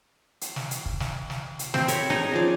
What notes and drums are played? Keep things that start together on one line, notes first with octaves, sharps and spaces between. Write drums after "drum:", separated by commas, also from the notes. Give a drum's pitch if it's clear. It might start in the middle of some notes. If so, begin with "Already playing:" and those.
drum: hi-hat
drum: snare
drum: hi-hat
drum: kick
drum: snare
drum: snare
drum: hi-hat
C4, drum: snare
A#4 C#5 B5, drum: hi-hat
D#4 G#4 A#5
C#3 F3 D5